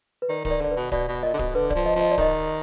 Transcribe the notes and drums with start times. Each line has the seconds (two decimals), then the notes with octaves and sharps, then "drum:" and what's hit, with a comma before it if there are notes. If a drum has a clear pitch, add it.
0.22 B4
0.29 D#3 D5
0.45 D#3, drum: kick D1
0.51 D5
0.61 D3 D5
0.71 B4
0.77 B2
0.92 B2 D5, drum: kick D1
1.08 B2
1.23 A#2 D#5
1.34 D3
1.39 B2, drum: kick D1
1.55 D3 B4
1.70 F3 D5, drum: kick D1
1.86 D#5
1.96 F3
2.01 D#5
2.11 D5
2.18 D#3 D#5, drum: kick D1